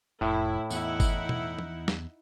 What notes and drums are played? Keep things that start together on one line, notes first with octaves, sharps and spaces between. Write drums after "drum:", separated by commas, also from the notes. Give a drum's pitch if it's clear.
F1 A2 E4
E2 D#4 E4 F#5, drum: tambourine
drum: kick G1, tambourine
drum: tom B2
drum: tom
drum: snare